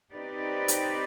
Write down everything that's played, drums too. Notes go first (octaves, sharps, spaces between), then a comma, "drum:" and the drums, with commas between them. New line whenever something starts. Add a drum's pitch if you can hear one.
C4 D#4 G4 B4 D5
drum: hi-hat